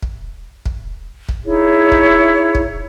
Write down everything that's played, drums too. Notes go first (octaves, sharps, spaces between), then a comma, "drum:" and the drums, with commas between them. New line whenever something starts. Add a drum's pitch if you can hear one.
drum: kick
drum: kick
drum: kick
D#4 E4 G#4 C#5
drum: kick
drum: kick